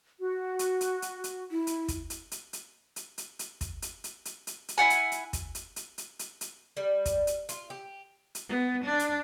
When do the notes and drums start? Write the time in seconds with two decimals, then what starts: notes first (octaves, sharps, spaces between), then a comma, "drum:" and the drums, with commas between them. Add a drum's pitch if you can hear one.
0.20 F#4
0.59 drum: hi-hat
0.81 drum: hi-hat
1.02 drum: hi-hat
1.24 drum: hi-hat
1.51 E4
1.67 drum: hi-hat
1.88 drum: kick, hi-hat
2.10 drum: hi-hat
2.31 drum: hi-hat
2.53 drum: hi-hat
2.96 drum: hi-hat
3.18 drum: hi-hat
3.39 drum: hi-hat
3.61 drum: kick, hi-hat
3.82 drum: hi-hat
4.04 drum: hi-hat
4.25 drum: hi-hat
4.47 drum: hi-hat
4.68 drum: hi-hat
4.78 E4 C#5 F#5 G#5
4.90 drum: hi-hat
5.12 drum: hi-hat
5.33 drum: kick, hi-hat
5.55 drum: hi-hat
5.76 drum: hi-hat
5.98 drum: hi-hat
6.19 drum: hi-hat
6.41 drum: hi-hat
6.77 G3
7.05 drum: kick, hi-hat
7.27 drum: hi-hat
7.49 F4, drum: hi-hat
7.70 G4
8.35 drum: hi-hat
8.49 B3
8.84 D4
8.99 drum: hi-hat